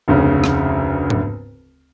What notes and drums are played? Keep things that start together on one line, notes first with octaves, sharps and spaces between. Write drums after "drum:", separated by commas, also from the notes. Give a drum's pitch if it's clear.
F1 D2 C#3
drum: rim click
drum: tom G#2